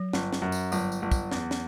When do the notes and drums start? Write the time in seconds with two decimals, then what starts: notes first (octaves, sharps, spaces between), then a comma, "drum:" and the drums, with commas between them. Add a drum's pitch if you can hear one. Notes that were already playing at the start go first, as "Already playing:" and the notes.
Already playing: F#3
0.13 G1, drum: snare
0.33 drum: snare
0.42 F#2
0.52 drum: tambourine
0.72 G1 F#3, drum: tambourine
0.92 drum: tambourine
1.02 G1
1.11 drum: kick, tambourine
1.31 E2, drum: snare
1.51 drum: snare